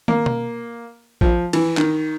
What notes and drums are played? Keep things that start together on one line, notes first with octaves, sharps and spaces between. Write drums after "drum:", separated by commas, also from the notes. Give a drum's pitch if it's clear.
A#3, drum: tom
drum: tom B2
F3, drum: kick
E3, drum: cymbal
D#3, drum: clap